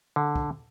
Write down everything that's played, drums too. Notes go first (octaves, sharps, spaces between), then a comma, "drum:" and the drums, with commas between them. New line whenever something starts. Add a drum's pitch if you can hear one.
D3
drum: kick